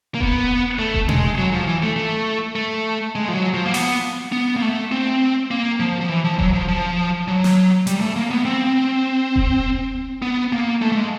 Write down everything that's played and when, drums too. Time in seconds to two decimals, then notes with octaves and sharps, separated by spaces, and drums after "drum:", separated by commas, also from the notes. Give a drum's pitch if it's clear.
0.15 A#3
0.20 B3, drum: kick E1
0.79 A3
0.94 drum: kick E1
1.09 G#3, drum: tom B2
1.38 F#3
1.53 F3
1.67 E3
1.83 A3
1.96 A3
2.56 A3
3.15 G#3
3.28 F3
3.34 F#3
3.54 F3
3.66 A#3
3.74 B3, drum: open hi-hat
4.32 B3
4.57 A#3
4.62 A3
4.92 C4
5.51 A#3
5.80 F3
6.01 F3
6.09 E3
6.24 F3
6.39 F#3, drum: kick E1
6.53 F3
6.68 F3
7.28 F#3
7.44 drum: snare
7.87 G3, drum: hi-hat
8.01 A3
8.16 A#3
8.30 B3
8.45 C4
9.36 drum: kick E1
10.22 B3
10.52 A#3
10.82 A3
10.92 A3
10.97 G#3